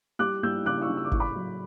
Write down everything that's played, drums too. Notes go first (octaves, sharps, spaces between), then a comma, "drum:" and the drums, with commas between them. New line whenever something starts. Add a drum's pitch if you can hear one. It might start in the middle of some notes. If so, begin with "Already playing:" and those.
G3 D6 F#6
G3 E6 G6
C#3 D6 F#6
C#6 E6
C#3
E6
D6
A2 C#6, drum: kick G1
B5 D6
F#3